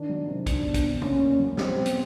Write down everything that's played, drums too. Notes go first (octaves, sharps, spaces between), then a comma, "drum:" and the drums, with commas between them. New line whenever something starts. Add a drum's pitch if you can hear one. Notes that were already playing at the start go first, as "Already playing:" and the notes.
Already playing: D#3 D4
F#3
C3
C3 D4, drum: kick, hi-hat
E2
drum: kick, hi-hat
E2
A#3 C#4, drum: tom
A#3
F#3
G3 C4, drum: snare
B2
drum: hi-hat